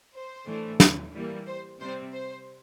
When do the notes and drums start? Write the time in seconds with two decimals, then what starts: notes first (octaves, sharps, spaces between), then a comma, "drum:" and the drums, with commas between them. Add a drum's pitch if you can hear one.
0.14 C5
0.46 A2 E3 A3 D4
0.80 drum: snare
1.12 E3 G3 A#3
1.46 C5
1.79 C3 G3 C4 C5
2.12 C5